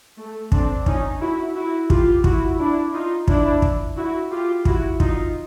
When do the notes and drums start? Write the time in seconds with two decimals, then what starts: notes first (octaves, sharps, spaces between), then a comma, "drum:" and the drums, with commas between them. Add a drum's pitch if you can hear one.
0.18 A3
0.52 C4 D4, drum: kick
0.86 C#4 D#4, drum: kick
1.21 E4 F#4
1.56 E4 F#4
1.90 F4 G4, drum: kick
2.24 E4 F#4, drum: kick
2.59 D4 E4
2.93 D#4 F4
3.28 D4 E4, drum: kick
3.62 drum: kick
3.96 E4 F#4
4.31 F4 G4
4.65 E4 F#4, drum: kick
5.00 D#4 F4, drum: kick